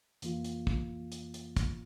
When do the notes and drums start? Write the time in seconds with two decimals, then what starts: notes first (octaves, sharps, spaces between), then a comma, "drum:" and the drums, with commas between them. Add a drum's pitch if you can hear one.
0.22 F2 E3 A#3 F4, drum: hi-hat
0.44 drum: hi-hat
0.67 drum: kick
1.12 drum: hi-hat
1.34 drum: hi-hat
1.57 drum: kick, hi-hat